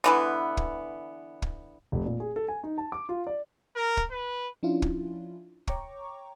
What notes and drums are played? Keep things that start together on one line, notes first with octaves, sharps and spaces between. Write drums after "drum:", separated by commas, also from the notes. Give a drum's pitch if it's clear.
D3 E3 B3
drum: kick
drum: kick
F1
A#2
G#4
A4
G#5
D#4
A5
D6
F4
D5
A#4
drum: kick
B4
F3 C#4 D4 E4 F4
drum: kick
C#5 G5 A#5 C#6 D6, drum: kick